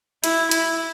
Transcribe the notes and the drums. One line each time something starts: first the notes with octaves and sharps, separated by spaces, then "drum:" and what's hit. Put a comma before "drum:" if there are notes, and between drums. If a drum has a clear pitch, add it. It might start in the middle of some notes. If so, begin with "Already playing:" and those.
E4, drum: hi-hat
E4, drum: hi-hat